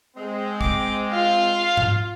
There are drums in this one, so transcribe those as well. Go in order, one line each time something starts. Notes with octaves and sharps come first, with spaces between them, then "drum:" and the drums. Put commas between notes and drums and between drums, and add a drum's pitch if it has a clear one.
G#3 C4
D6, drum: kick
F4 F5
drum: tom G#2